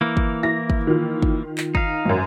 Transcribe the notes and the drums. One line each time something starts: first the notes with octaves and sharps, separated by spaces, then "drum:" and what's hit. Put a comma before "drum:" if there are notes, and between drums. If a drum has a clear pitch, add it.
E3 A#3
drum: kick
E4 A#6
drum: kick
D#3 F4
drum: kick
drum: clap
D#4 F5, drum: kick
G#1 F#2